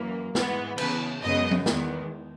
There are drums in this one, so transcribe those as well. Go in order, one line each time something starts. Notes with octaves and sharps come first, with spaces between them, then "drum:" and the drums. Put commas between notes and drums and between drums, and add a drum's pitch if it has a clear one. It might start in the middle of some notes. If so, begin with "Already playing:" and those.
Already playing: F#2 E3 A#3
G#2 E3 G#3 B3, drum: snare
C#3 E3 B3 B4, drum: cymbal
F#2 C#3 G#3 B3 D#5
drum: tom F3
E2 D#3 G#3 B3, drum: snare